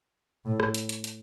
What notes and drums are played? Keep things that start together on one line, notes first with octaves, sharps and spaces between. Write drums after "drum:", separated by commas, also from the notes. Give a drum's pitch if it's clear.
A2
drum: rim click
drum: hi-hat
drum: hi-hat
drum: hi-hat